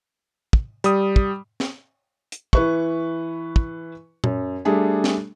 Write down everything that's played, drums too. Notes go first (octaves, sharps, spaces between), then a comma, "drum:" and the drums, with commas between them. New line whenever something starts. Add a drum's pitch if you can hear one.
drum: kick
G3 D#6, drum: hi-hat
drum: kick
drum: snare
drum: hi-hat
E3 B4 C#6, drum: kick
drum: kick
F#2, drum: tom A#2
G3 A3 D4 G#4
drum: snare